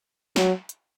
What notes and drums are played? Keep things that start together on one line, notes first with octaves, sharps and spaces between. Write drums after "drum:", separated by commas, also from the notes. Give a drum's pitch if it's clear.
F#3, drum: snare
drum: hi-hat